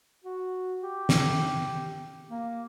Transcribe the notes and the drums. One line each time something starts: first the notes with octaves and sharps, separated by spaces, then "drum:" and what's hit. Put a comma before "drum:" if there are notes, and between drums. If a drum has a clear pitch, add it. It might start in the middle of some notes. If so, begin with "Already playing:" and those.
F#4
G4
drum: snare
A#3